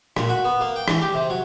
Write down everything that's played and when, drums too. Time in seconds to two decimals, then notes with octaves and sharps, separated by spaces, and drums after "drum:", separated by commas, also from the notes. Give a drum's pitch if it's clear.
0.17 A#2, drum: rim click
0.29 F#4
0.45 B3
0.61 A#3
0.76 G5
0.88 E3, drum: rim click
1.01 G4
1.14 C3
1.30 F#3